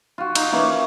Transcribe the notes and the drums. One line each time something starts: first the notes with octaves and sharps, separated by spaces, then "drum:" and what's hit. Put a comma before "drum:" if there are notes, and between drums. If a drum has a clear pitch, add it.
F4 F#4
D#4, drum: cymbal
E3 A#3 C#4 C#5